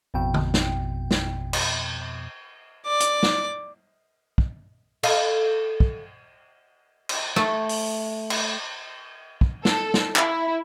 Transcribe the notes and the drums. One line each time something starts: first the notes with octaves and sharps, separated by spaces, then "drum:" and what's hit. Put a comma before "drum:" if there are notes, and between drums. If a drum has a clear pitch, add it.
A1 F2 B2 G5
drum: tom D3
drum: snare
drum: snare
drum: cymbal
D5 D6
drum: hi-hat
drum: snare
drum: kick
A4 D#5 F5, drum: cymbal
drum: kick
drum: cymbal
A3, drum: rim click
drum: open hi-hat
drum: cymbal
drum: kick
A4, drum: snare
drum: snare
E4, drum: clap